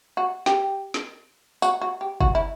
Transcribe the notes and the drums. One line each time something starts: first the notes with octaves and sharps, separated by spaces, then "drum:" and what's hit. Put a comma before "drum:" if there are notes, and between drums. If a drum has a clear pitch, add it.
F#4
G4, drum: snare
drum: snare
F#4, drum: tambourine
F#4
G4
F#4, drum: kick
E4